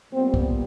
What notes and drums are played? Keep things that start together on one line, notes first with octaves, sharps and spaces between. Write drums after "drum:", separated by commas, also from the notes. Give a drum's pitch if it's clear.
A#2 G3 B3 C4
drum: kick